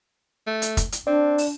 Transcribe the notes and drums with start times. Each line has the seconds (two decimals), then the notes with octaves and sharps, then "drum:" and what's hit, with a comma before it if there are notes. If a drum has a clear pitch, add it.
0.47 A3
0.62 drum: hi-hat
0.77 drum: kick, hi-hat
0.92 drum: hi-hat
1.07 C4 D4 D5
1.38 drum: open hi-hat